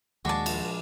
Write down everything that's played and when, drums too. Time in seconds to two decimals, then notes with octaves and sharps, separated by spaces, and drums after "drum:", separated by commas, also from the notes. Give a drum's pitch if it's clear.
0.25 D#2 A#2 F3 G#3 D4 F#4 A5
0.46 drum: cymbal